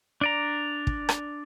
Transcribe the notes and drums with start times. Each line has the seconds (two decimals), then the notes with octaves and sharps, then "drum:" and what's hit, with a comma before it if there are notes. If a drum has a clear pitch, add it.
0.21 D4 D5 A#5
0.87 drum: kick
1.09 drum: rim click